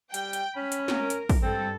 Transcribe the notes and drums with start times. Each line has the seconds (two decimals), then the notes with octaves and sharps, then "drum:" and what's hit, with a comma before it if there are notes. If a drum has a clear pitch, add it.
0.14 G3 G5, drum: hi-hat
0.33 drum: hi-hat
0.56 C#4 B5
0.72 drum: hi-hat
0.88 A#4, drum: snare
1.10 drum: hi-hat
1.29 drum: kick, open hi-hat
1.42 G2 C4 A4